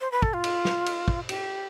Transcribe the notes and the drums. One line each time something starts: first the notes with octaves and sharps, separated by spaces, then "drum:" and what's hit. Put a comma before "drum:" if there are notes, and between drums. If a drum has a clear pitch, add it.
C5
B4
A4, drum: kick
F4
drum: cymbal
drum: snare
drum: cymbal
drum: kick
G4, drum: cymbal